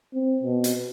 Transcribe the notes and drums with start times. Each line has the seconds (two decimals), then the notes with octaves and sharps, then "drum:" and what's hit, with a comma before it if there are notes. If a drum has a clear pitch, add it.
0.14 C4
0.43 B2
0.64 drum: hi-hat